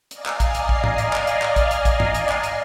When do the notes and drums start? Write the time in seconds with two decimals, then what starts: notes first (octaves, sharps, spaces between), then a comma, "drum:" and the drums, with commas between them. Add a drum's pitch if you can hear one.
0.11 D5 D#5 F5 G#5 A#5 C7, drum: hi-hat
0.26 drum: clap
0.40 drum: kick, hi-hat
0.55 drum: hi-hat
0.69 drum: kick
0.84 drum: tom G#2
0.98 drum: hi-hat
1.13 drum: clap
1.27 drum: hi-hat
1.42 drum: clap
1.56 drum: kick, hi-hat
1.71 drum: hi-hat
1.85 drum: kick, hi-hat
2.00 drum: tom G2
2.14 drum: hi-hat
2.29 drum: clap
2.43 drum: hi-hat